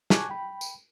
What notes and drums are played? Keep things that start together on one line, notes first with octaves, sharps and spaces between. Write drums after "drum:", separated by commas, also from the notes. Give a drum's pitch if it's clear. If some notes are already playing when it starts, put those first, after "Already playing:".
G#5 A5 C#6 D6 F#6 G#6, drum: snare
G5 B5
drum: tambourine